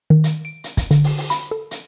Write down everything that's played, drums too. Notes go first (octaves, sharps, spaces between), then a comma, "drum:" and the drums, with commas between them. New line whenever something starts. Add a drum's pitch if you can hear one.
D#3
drum: hi-hat
D7
drum: hi-hat
drum: kick, hi-hat
D3, drum: hi-hat
drum: open hi-hat
drum: open hi-hat
B5, drum: hi-hat
A4
drum: hi-hat